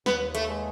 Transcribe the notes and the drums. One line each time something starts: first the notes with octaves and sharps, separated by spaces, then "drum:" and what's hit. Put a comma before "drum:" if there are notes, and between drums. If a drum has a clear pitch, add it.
D#2 B3, drum: snare
A3, drum: hi-hat
G#3